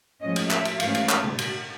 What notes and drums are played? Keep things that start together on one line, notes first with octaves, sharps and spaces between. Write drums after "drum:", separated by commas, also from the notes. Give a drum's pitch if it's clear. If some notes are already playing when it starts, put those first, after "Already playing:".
A2 F3 G#3 C#4 D#5
drum: cymbal
E5, drum: clap
drum: cymbal
G#2 E3 A3 C#4 F5, drum: cymbal
drum: cymbal
drum: clap
drum: tom C3
drum: cymbal